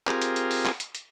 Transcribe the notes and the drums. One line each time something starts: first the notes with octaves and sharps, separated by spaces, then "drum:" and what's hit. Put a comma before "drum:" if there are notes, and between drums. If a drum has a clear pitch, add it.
C4 F4 G4 G#4 A#4, drum: clap
drum: hi-hat
drum: hi-hat
drum: open hi-hat
drum: clap
drum: hi-hat
drum: hi-hat